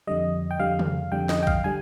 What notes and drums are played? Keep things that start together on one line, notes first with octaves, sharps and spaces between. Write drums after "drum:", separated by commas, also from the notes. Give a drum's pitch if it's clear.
F2 D3 G3 D#5
G5
F2 D3 G3 F5
drum: tom
F2 D3 G3 G5
D#5, drum: snare
G5
F5, drum: kick A#1
D3 G3 G#5